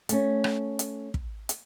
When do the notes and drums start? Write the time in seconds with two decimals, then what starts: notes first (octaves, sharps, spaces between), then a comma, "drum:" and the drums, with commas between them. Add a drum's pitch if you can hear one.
0.09 A3 C#4, drum: hi-hat
0.44 drum: rim click
0.79 drum: hi-hat
1.14 drum: kick
1.49 drum: hi-hat